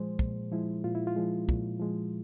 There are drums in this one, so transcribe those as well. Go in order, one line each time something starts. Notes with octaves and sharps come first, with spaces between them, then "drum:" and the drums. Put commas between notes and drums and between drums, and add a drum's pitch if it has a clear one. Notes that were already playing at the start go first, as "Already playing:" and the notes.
Already playing: A#2 F3 G#3 G#4 C5
A#2, drum: kick
F3 G#3 E4
A#2 F4
E4
F4
F3 G#3
A#2, drum: kick
F3 G#3